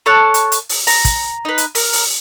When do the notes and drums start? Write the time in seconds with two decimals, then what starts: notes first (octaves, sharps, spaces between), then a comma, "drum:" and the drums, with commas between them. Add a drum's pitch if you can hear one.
0.06 A4 C#5 A5 F#6
0.34 drum: hi-hat
0.52 drum: hi-hat
0.69 drum: open hi-hat
0.87 A#5, drum: open hi-hat
1.05 drum: kick, hi-hat
1.45 D#4 B4
1.58 drum: hi-hat
1.75 A#4, drum: open hi-hat
1.93 drum: open hi-hat